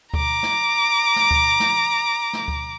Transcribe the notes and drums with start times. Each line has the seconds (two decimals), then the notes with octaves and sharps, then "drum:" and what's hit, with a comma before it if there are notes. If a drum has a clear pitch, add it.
0.14 A#5 D6, drum: kick D2
0.43 drum: snare
1.16 drum: snare
1.31 drum: kick D2
1.60 drum: snare
2.33 drum: snare
2.48 drum: kick D2